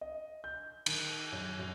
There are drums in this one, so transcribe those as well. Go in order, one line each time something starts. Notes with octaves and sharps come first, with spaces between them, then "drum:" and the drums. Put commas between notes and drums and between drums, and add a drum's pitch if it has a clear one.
D#5
G6
D#3, drum: cymbal
F#2
F#2